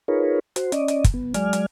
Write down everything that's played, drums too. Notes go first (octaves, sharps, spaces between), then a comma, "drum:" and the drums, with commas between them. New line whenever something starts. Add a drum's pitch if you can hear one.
D#4 F4 G#4 A#4 B4 C#5
F#4 C5, drum: hi-hat
C#4 D5 D#5, drum: hi-hat
drum: hi-hat
drum: kick, hi-hat
B3
F#3 G#3 D5 G#5 F6, drum: hi-hat
drum: hi-hat